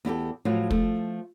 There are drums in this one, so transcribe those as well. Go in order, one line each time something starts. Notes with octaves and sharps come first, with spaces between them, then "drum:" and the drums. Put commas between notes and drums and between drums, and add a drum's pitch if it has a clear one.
E2 E4 G4 A4
A2 F3 F#3 F4
F3 A3, drum: kick